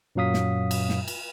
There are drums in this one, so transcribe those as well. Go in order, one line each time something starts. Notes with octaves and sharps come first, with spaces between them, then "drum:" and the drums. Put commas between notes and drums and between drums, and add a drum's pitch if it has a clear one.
F#2 A#2 F#3 F5 D#6 B6
drum: snare
drum: cymbal
drum: snare
drum: cymbal